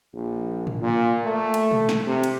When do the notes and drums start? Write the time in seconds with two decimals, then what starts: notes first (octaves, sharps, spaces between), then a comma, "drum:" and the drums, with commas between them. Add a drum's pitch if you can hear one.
0.13 A#1
0.67 drum: tom A2
0.81 A#2
1.25 A3
1.54 drum: cymbal
1.71 drum: tom A#2
1.89 drum: snare
2.06 C3
2.24 drum: cymbal